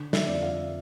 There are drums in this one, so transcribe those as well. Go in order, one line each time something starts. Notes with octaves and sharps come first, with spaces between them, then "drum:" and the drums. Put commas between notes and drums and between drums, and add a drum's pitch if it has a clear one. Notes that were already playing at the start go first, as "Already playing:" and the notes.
Already playing: D3
E5, drum: snare
F2 D5
E5
F5